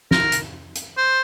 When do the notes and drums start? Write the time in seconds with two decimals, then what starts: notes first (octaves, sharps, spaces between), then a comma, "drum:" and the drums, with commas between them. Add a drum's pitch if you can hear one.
0.11 A#4, drum: snare
0.32 drum: hi-hat
0.76 drum: hi-hat
0.97 C5